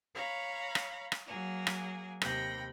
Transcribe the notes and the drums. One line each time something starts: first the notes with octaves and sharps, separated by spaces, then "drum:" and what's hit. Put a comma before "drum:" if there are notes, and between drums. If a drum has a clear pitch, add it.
C#5 F5 A#5 B5
drum: rim click
drum: rim click
F#3 A#3 G#4
drum: rim click
D#2 C3 G5 B5 A#6, drum: rim click